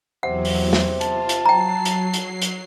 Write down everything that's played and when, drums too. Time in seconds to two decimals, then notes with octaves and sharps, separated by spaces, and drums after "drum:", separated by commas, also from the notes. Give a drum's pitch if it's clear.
0.23 E2 C3 F#3 F#5
0.45 drum: open hi-hat
0.73 drum: snare
1.01 F4 A5, drum: hi-hat
1.29 drum: hi-hat
1.46 F#3 G5 A#5 C7
1.85 drum: hi-hat
2.13 drum: hi-hat
2.42 drum: hi-hat